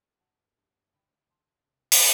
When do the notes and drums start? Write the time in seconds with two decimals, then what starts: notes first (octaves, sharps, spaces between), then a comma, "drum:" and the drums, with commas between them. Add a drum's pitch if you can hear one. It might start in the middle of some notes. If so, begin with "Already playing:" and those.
Already playing: F#3
0.20 G2 F#5 A5
0.57 G2
0.93 D2 G5 B5
1.30 D2 A5 C6
1.67 C2
1.92 drum: open hi-hat